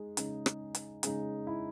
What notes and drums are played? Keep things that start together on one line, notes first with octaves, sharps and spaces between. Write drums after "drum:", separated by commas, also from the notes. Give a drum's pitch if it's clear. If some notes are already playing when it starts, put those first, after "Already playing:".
Already playing: G#3 D#4 G#4
C#3 G#3 D#4, drum: hi-hat
drum: rim click
drum: hi-hat
C#3 G#3 D#4 G#4, drum: hi-hat
E4